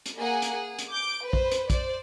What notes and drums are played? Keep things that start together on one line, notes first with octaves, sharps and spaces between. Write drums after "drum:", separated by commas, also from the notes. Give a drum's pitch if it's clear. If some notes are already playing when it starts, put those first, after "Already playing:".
drum: hi-hat
A#3 G#4 F#5 G#5
drum: hi-hat
G#4
drum: hi-hat
D6 G6 D7
B4 C5
drum: kick
drum: hi-hat
C5 D5, drum: kick, hi-hat